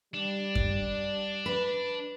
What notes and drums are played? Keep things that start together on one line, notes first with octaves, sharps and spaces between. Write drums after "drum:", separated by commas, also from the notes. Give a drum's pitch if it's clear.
G3 D4
drum: kick F#2
B4